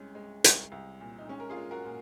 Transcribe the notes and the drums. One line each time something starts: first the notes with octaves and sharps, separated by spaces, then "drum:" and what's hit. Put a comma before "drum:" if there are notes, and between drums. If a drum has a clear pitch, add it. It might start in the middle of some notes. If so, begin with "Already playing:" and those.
Already playing: C2 G#3 C#4
G#3
C2, drum: hi-hat
C2
A#2
D#4
G#3 C#4
A#4
F4 G#4
G#3
F#4 A#4
A#2